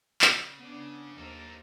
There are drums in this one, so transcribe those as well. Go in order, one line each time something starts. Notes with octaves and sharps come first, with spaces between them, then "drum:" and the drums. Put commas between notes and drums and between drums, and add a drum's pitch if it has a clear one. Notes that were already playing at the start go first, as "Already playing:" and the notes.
C#3, drum: clap
B3 D4
D#2 D#4 A4 A#4 C5